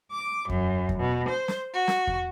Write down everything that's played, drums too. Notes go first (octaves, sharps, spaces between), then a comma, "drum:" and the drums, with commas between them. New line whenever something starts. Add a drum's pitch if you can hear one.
D6
F#2, drum: kick E2
drum: kick E2
B2
C5
drum: snare
F#4
drum: snare
drum: kick E2